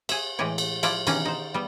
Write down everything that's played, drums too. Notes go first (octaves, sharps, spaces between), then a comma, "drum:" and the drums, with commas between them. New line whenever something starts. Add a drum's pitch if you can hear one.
G#4 E5, drum: cymbal
A2 E3 G#3 G4 C#5
drum: cymbal
F3 E4 F4 D5 F5, drum: cymbal
B2 D#3 E3 C#4 D4 G5, drum: cymbal
D#4 C5
G3 B3